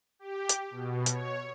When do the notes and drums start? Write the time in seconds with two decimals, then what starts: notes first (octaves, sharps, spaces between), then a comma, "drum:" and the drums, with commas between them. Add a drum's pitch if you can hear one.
0.19 G4
0.49 drum: hi-hat
0.71 B2
1.06 C#5, drum: hi-hat